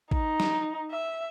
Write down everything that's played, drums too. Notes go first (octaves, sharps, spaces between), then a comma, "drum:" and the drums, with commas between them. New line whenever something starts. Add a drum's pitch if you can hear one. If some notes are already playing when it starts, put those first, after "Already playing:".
D#4, drum: kick A1
drum: snare
E5